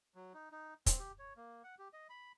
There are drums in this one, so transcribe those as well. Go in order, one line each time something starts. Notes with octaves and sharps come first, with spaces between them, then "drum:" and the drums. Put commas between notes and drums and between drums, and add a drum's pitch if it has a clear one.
F#3
D#4
D#4
C4, drum: kick, hi-hat
G4
C#5
A#3
F#5
G4
D#5
B5